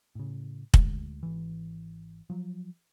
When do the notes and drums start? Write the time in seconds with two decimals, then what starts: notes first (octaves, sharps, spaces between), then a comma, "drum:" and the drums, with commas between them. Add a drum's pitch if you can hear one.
0.15 A2 C#3
0.74 D2 G#3, drum: kick
1.23 G#1 E3
2.30 F3 F#3